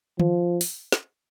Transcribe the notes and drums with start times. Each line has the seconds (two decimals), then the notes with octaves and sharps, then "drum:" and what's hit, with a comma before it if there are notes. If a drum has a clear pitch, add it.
0.19 F3, drum: tom D#3
0.61 drum: open hi-hat
0.92 drum: snare